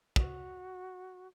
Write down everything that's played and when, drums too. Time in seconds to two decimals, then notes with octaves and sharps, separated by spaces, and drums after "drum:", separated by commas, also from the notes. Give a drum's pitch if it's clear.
0.16 F#4, drum: kick